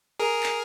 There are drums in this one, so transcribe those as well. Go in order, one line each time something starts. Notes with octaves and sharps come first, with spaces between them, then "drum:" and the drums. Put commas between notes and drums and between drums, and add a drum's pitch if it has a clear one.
G#4 A#4
drum: clap